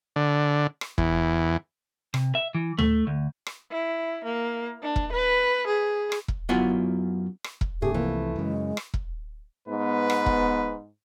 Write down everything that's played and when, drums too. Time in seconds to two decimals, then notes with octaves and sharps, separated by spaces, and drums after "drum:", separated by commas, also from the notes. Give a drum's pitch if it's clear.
0.16 D3
0.81 drum: rim click
0.98 E2, drum: kick E1
2.14 C3, drum: rim click
2.35 E5
2.55 E3
2.79 A3, drum: tom D2
3.07 D2
3.46 drum: rim click
3.71 E4
4.24 A#3
4.83 D4
4.96 drum: kick E1
5.12 B4
5.67 G#4
6.12 drum: rim click
6.28 drum: kick E1
6.49 F#2 B3 E4 F4 C#5 F#5
7.44 drum: rim click
7.61 drum: kick E1
7.82 G2 C3 A3 G4 G#4
7.94 C2 C3 E3 F3 A#3
8.36 F#2 C#3 G#3
8.77 drum: rim click
8.94 drum: kick E1
9.68 G#2 B3 B4
10.10 drum: rim click
10.26 drum: kick E1